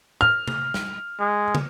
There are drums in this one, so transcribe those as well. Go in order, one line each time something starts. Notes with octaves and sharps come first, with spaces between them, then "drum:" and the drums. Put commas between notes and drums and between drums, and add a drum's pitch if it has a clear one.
F6
drum: tom C3
drum: snare
G#3
drum: tom